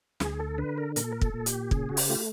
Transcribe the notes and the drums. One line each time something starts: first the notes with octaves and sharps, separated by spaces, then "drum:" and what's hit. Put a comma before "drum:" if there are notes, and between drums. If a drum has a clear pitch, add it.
D2 G#4, drum: snare
A4
D3 B4
A#4
A#2 A#4, drum: hi-hat
A4
A#4
A4, drum: kick
A#2
G4, drum: hi-hat
C#3 G#4, drum: kick
F#4
G4, drum: open hi-hat
A3 F4